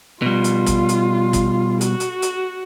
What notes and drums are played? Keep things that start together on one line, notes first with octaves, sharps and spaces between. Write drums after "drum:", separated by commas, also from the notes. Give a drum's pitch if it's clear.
B2 G3 F4
drum: hi-hat
drum: kick, hi-hat
drum: hi-hat
drum: kick, hi-hat
F#4, drum: hi-hat
drum: hi-hat
drum: hi-hat